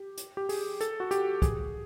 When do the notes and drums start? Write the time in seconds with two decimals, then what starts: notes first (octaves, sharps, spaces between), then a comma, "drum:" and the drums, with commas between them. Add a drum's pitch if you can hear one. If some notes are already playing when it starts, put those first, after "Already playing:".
Already playing: G4
0.17 drum: hi-hat
0.37 G4
0.49 G#4, drum: open hi-hat
0.81 A4, drum: hi-hat
1.00 F#4
1.11 G4, drum: hi-hat
1.42 G#4, drum: kick, hi-hat